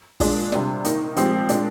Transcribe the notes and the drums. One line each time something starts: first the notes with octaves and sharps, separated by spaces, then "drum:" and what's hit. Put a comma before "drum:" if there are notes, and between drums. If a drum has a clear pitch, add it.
A#2 G#3 D4 G#4, drum: kick, open hi-hat
C3 G3 D4, drum: snare
D#3 A#3 D#4, drum: hi-hat
A#2 F3 G#3 C4 G4, drum: hi-hat
A#2 G#3 D4, drum: hi-hat